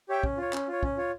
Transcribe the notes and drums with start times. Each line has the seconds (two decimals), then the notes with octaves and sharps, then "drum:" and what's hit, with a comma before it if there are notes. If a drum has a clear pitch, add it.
0.09 G4 C#5 E5 G5
0.23 C#4, drum: kick
0.37 F4 C#5
0.53 C#4, drum: clap
0.68 F4 C#5
0.83 C#4, drum: kick
0.97 F4 C#5